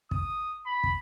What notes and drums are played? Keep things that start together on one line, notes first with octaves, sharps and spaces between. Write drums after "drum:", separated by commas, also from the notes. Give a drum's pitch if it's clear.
D#6, drum: kick
B5
drum: kick